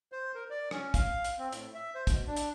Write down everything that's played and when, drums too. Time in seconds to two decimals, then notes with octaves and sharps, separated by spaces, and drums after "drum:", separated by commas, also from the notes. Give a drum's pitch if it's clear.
0.12 C5
0.35 A#4
0.50 D5
0.71 C#4, drum: rim click
0.94 F5, drum: kick, hi-hat
1.24 drum: hi-hat
1.38 C4
1.52 A2, drum: hi-hat
1.74 E5
1.95 C5
2.07 B2, drum: kick, hi-hat
2.27 D4
2.37 drum: hi-hat